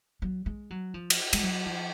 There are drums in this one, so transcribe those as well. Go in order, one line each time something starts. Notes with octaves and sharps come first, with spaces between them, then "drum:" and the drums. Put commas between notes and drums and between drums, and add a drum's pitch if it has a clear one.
F#3
G#3
F#3
F3
drum: cymbal
G#3, drum: cymbal
F#3
F3